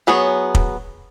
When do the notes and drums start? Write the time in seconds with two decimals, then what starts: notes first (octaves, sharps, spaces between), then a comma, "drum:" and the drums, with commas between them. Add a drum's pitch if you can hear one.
0.07 F#3 B3 G#4 C#5
0.55 drum: kick